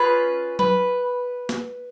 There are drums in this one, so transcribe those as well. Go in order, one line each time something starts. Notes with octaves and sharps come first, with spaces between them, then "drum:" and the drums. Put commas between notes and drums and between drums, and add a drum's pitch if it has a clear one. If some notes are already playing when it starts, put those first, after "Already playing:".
Already playing: C#4 F4 G#4 B4
B4, drum: tom F#3
drum: snare